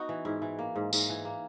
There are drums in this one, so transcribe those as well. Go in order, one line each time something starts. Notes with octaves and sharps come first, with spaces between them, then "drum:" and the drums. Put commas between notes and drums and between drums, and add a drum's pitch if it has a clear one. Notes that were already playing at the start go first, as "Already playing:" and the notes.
Already playing: B3 D#4 F#4
E3
G#2 E4
E3
A#3
G#2
G#2, drum: tambourine
E3
A#3